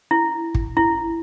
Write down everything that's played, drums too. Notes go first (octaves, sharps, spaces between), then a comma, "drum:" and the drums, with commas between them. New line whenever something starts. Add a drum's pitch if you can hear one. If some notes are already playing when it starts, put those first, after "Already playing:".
E4
drum: kick
E4